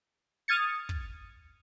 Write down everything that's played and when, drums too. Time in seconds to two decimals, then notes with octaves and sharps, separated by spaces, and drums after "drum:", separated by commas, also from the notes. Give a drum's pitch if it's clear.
0.48 D#6 F6 G#6 A6 C#7
0.89 drum: kick